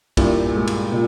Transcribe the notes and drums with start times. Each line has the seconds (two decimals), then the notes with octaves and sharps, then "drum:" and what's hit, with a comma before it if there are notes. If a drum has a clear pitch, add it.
0.17 G2 A#2 E4, drum: kick, cymbal
0.56 G#3
0.67 drum: cymbal
0.92 A#2